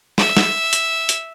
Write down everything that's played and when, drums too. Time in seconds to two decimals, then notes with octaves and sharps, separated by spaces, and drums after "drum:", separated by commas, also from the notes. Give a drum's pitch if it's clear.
0.18 E5, drum: snare
0.37 drum: snare
0.73 drum: hi-hat
1.09 drum: hi-hat